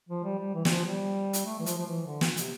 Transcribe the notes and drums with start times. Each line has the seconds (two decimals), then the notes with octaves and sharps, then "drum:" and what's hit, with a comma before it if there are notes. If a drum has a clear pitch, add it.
0.09 F3
0.24 G3
0.39 G3
0.54 E3
0.65 G3, drum: snare
0.69 F3
0.85 G3
1.33 drum: hi-hat
1.45 A3
1.59 E3
1.66 F3, drum: hi-hat
1.77 F3
1.86 E3
2.06 D3
2.21 drum: snare
2.37 C3, drum: hi-hat